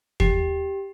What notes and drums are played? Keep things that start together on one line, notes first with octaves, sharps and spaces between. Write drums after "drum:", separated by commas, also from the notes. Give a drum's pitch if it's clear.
G4, drum: kick